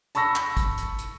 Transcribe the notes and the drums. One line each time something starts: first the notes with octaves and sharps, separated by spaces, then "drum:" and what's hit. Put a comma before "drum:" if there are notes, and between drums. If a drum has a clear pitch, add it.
A5 B5 C#6 E6 A#6, drum: hi-hat
drum: clap
drum: kick, hi-hat
drum: hi-hat
drum: hi-hat